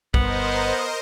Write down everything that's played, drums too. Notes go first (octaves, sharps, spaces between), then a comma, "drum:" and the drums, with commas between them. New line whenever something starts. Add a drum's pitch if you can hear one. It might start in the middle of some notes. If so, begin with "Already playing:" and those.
G1 B3 A#4 C5 D#5, drum: kick